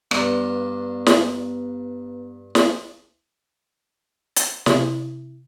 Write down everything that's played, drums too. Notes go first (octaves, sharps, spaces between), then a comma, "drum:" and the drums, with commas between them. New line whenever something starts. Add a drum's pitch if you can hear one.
G2 B3 D4 G4 B4 A#5, drum: rim click
drum: snare
drum: snare
drum: hi-hat
C3 E4, drum: snare